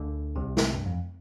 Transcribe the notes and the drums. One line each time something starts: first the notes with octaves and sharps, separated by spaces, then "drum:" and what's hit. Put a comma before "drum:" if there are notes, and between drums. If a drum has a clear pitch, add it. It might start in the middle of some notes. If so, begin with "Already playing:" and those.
Already playing: D2 D3
C2 C3
drum: snare
G2
F2